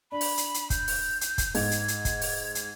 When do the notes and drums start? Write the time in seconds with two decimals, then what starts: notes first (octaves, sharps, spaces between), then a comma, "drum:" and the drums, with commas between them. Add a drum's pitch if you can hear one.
0.12 D4 B5
0.21 drum: open hi-hat
0.38 drum: hi-hat
0.54 drum: hi-hat
0.70 G6, drum: kick, hi-hat
0.88 drum: open hi-hat
1.21 drum: hi-hat
1.38 drum: kick, hi-hat
1.55 G#2 G#6, drum: open hi-hat
1.71 drum: hi-hat
1.88 drum: hi-hat
2.05 drum: kick, hi-hat
2.22 drum: open hi-hat
2.55 drum: hi-hat